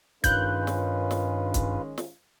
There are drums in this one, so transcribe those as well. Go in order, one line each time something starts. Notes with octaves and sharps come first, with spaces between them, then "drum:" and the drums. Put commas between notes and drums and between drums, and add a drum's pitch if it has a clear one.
G2 D#3 G#3 C#4 F4 B4 F#6 G6, drum: kick, hi-hat
drum: snare
drum: snare
drum: kick, hi-hat
drum: snare